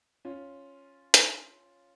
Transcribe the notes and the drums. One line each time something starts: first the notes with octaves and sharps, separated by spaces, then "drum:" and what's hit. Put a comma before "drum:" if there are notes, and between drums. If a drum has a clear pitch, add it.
C#4 F4
drum: hi-hat